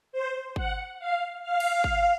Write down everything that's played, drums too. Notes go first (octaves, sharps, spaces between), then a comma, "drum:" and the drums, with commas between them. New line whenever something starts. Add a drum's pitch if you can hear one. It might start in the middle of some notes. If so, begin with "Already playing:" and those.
C5
F#5, drum: kick
F5
F5
drum: cymbal
drum: kick